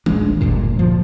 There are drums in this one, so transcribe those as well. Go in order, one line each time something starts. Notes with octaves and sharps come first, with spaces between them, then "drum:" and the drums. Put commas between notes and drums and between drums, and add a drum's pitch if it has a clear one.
D#1 A#1 G#3 D4, drum: tom D#3
F#1 D2 G2 A#2
A#2 F3